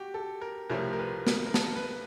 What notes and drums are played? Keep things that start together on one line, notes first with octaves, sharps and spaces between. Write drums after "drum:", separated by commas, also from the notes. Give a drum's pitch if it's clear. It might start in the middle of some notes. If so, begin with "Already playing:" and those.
Already playing: F#4 G4
A4
A#4
C2 C3 F3 A3 C#4 A#4
A#4
B4
A#4, drum: snare
A#4
A4, drum: snare
B4